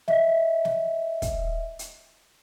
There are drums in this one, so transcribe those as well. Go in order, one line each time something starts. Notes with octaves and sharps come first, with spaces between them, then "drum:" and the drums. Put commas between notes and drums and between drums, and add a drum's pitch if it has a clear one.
D#5 E5, drum: snare
drum: snare
drum: kick, hi-hat
drum: hi-hat